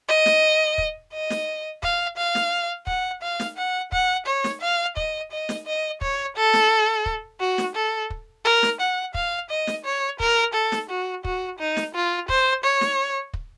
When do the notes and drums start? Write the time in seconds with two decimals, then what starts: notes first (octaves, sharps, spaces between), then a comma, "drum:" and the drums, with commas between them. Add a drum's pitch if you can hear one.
0.08 D#5
0.26 drum: snare
0.78 drum: kick
1.13 D#5
1.30 drum: snare
1.83 F5, drum: kick
2.18 F5
2.35 drum: snare
2.87 F#5, drum: kick
3.22 F5
3.40 drum: snare
3.57 F#5
3.92 F#5, drum: kick
4.26 C#5
4.44 drum: snare
4.62 F5
4.97 D#5, drum: kick
5.32 D#5
5.49 drum: snare
5.66 D#5
6.01 C#5, drum: kick
6.36 A4
6.53 drum: snare
7.06 drum: kick
7.40 F#4
7.58 drum: snare
7.75 A4
8.10 drum: kick
8.45 A#4
8.63 drum: snare
8.80 F#5
9.14 F5, drum: kick
9.50 D#5
9.67 drum: snare
9.85 C#5
10.20 A#4, drum: kick
10.54 A4
10.72 drum: snare
10.90 F#4
11.25 F#4, drum: kick
11.59 D#4
11.77 drum: snare
11.95 F4
12.29 C5, drum: kick
12.64 C#5
12.81 drum: snare
13.34 drum: kick